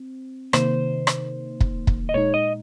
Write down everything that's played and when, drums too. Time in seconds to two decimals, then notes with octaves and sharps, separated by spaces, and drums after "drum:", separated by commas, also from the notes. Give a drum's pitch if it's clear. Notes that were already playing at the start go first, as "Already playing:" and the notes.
Already playing: C4
0.53 C3 D#3 A#3 D#4 C5, drum: rim click
1.07 drum: rim click
1.60 drum: kick
1.87 drum: kick
2.09 D#5
2.14 A#2 G#3 D#4 C#5
2.34 D#5